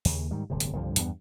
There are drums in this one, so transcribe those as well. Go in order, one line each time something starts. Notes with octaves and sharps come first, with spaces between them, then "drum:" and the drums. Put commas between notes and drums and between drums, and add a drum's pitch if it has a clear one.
D#2 C#3, drum: open hi-hat
G#2 D#3 G3
D1 G1 C3
drum: hi-hat
C2 G2 D3 F3
E2 G2 G3 B3, drum: hi-hat